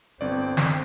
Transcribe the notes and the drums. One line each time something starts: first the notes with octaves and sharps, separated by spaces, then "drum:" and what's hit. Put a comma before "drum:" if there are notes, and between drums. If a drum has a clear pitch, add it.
G1 C4 D5
drum: snare